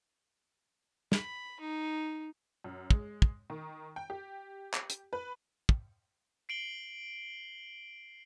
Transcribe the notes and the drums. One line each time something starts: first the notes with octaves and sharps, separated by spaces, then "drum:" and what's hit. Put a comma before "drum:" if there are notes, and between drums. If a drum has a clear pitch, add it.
B5, drum: snare
D#4
F#2
G#3, drum: kick
drum: kick
D#3
G5
G4
drum: clap
drum: hi-hat
B4
drum: kick
C7 D7 F#7 G7